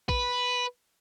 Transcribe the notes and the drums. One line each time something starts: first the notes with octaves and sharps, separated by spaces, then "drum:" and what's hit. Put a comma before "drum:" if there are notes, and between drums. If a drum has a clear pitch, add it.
B4, drum: kick